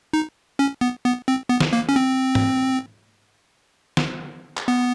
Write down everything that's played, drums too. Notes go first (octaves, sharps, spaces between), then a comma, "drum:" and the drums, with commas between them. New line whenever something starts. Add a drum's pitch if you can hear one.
D#4
C#4
B3
B3
C4
B3
drum: snare
A#3
C#4
C4
drum: tom G#2
drum: snare
drum: clap
B3